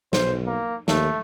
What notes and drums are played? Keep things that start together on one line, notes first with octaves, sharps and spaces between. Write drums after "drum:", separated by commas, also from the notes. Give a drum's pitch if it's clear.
B1 C5, drum: snare
A#3
D#2 A3, drum: snare